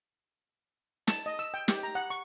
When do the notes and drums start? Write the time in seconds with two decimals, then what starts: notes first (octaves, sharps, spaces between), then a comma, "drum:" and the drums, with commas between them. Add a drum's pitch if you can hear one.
1.07 A5, drum: snare
1.26 D#5
1.39 E6
1.54 G5
1.68 G4, drum: snare
1.83 A#5
1.95 F#5
2.10 C#6